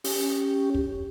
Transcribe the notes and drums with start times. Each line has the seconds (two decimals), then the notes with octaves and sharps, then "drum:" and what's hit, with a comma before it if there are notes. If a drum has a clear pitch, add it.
0.04 C#4 G4, drum: open hi-hat
0.74 drum: kick